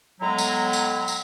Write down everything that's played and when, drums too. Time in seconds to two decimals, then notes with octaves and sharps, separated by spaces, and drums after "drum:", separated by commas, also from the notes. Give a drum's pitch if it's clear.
0.21 A2 F#3 G#3 B3 E4 A#5
0.38 drum: tambourine
0.73 drum: tambourine
1.08 drum: tambourine